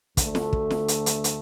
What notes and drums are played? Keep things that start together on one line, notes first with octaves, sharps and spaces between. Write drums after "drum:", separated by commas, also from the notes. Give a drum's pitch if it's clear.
D2 D3 A3, drum: kick, hi-hat
drum: snare
drum: kick
drum: snare
drum: hi-hat
drum: hi-hat
drum: hi-hat